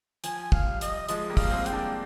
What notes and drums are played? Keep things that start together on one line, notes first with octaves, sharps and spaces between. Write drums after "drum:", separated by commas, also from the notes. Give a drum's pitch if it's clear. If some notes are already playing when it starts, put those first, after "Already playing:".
F3 G#5, drum: hi-hat
F5, drum: kick
G3
D#5, drum: hi-hat
F3 G#3 D#5, drum: hi-hat
G3 A#3
F5, drum: kick, open hi-hat
G#3 C4
G5, drum: hi-hat
A#3 D4